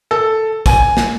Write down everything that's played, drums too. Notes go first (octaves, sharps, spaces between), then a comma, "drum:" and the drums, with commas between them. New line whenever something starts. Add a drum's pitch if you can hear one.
A4
G#5, drum: kick, tambourine
drum: snare